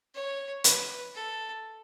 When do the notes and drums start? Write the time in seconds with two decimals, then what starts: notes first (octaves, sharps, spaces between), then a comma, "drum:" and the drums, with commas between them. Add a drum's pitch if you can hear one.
0.14 C#5
0.64 B4, drum: hi-hat
1.15 A4